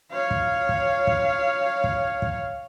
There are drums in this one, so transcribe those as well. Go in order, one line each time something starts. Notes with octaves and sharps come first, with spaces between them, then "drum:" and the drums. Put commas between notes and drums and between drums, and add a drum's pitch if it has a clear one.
C#5 F5
drum: kick
drum: kick
drum: kick
drum: kick
drum: kick